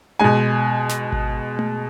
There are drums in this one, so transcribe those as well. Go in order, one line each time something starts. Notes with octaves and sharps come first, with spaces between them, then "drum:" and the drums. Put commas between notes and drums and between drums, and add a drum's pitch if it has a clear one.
B2 G#3 G#5
drum: snare
drum: kick G#1
drum: tom A3